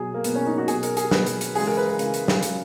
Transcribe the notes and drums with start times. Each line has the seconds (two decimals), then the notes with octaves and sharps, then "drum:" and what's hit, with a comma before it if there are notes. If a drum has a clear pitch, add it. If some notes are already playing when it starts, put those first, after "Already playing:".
Already playing: B2 F#3 G#4
0.14 A#3
0.24 B2 F#3 B3, drum: hi-hat
0.35 C#4
0.47 D#4
0.58 F#4
0.68 B2 F#3 G#4, drum: hi-hat
0.83 A#4, drum: hi-hat
0.97 G#4, drum: hi-hat
1.11 B2 F#3 B4, drum: snare
1.26 drum: hi-hat
1.41 drum: hi-hat
1.55 C#3 E3 G#3 G#4, drum: open hi-hat
1.67 A#4
1.77 B4
1.88 A#4
1.99 C#3 E3 G#3, drum: hi-hat
2.14 drum: hi-hat
2.28 drum: snare
2.43 C#3 F#3, drum: hi-hat